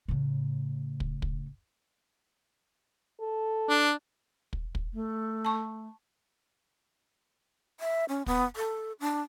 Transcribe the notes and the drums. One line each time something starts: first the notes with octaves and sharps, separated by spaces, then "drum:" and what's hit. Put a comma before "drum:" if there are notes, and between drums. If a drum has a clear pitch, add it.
A2 C#3
drum: kick
drum: kick
A4
D4
drum: kick
drum: kick
A3
A5 C#6
E5
C#4
B3, drum: kick
A4
D4